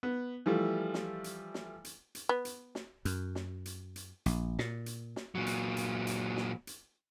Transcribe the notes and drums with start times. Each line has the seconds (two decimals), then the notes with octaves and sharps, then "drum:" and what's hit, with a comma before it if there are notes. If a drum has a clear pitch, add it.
0.03 B3
0.46 E3 F3 G3 A3
0.94 drum: snare
1.24 drum: hi-hat
1.54 drum: snare
1.85 drum: hi-hat
2.15 drum: hi-hat
2.29 B3
2.45 drum: hi-hat
2.75 drum: snare
3.05 F#2, drum: hi-hat
3.35 drum: snare
3.65 drum: hi-hat
3.96 drum: hi-hat
4.26 A#1, drum: hi-hat
4.59 A#2, drum: snare
4.86 drum: hi-hat
5.16 drum: snare
5.35 A#2 F#3
5.46 drum: hi-hat
5.77 drum: hi-hat
6.07 drum: hi-hat
6.37 drum: snare
6.67 drum: hi-hat